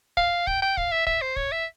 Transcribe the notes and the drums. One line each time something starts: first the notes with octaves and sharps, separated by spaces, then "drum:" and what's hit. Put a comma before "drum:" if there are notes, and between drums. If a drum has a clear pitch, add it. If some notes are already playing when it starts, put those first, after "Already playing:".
F5, drum: kick
G5, drum: kick
G5
F5, drum: kick
E5
E5, drum: kick
C5
C#5, drum: kick
E5